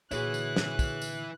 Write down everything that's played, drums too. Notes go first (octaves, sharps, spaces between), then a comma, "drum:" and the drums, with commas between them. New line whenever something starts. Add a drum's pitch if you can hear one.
A#2 D3 E4 F#4 G#4 B4 C#5 F#6, drum: tambourine
drum: tambourine
drum: snare
drum: kick, tambourine
drum: tambourine